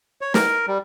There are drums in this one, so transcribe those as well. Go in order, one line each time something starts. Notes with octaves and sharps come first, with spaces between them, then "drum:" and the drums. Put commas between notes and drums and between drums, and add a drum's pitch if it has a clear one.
C#5
A#4, drum: snare
G3